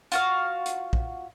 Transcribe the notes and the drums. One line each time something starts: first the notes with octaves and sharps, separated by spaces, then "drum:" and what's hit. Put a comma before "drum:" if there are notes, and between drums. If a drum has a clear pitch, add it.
F4 F#4 F5, drum: hi-hat
drum: hi-hat
drum: kick